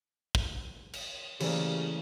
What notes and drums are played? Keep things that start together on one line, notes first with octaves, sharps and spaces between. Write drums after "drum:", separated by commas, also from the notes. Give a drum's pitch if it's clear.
drum: kick
drum: cymbal
C#3 E3 A3 A#3 G4 C5 D5, drum: cymbal